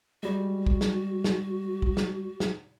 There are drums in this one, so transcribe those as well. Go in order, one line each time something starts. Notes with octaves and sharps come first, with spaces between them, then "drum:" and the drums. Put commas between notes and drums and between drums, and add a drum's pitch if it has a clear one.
G3 G#3 F#4
drum: kick
drum: snare
drum: snare
drum: kick
drum: snare
drum: snare